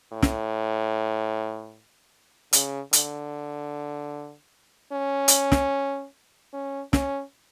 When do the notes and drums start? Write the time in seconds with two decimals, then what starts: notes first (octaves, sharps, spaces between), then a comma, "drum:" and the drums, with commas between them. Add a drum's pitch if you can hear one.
0.12 A2
0.23 drum: snare
2.53 C#3, drum: hi-hat
2.93 D3, drum: hi-hat
4.93 C#4
5.28 drum: hi-hat
5.52 drum: snare
6.53 C#4
6.93 C#4, drum: snare